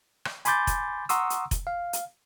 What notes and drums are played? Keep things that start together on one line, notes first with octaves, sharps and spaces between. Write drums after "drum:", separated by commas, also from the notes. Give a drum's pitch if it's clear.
drum: rim click
G#5 B5 C6 D6 G6 A6, drum: hi-hat
drum: kick F1, hi-hat
F#5 A#5 C6 C#6 D#6 E6, drum: hi-hat
drum: hi-hat
drum: kick F1, hi-hat
F5
drum: hi-hat